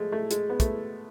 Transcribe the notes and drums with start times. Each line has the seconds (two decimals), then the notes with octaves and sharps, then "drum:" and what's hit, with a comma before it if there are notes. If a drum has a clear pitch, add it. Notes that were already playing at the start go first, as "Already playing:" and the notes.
Already playing: A2 F3 G#3 A3
0.12 A3
0.31 G#3, drum: hi-hat
0.50 B3
0.60 A3, drum: kick, hi-hat